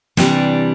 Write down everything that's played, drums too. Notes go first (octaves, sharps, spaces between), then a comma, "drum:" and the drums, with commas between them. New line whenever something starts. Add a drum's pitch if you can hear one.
C3 E3 G3 D4, drum: snare